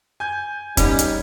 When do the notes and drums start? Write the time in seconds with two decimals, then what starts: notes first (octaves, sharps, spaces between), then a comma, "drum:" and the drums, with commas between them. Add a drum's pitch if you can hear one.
0.20 G#5 G6 G#6
0.77 G3 B3 C#4 D#4, drum: kick, hi-hat
0.99 drum: hi-hat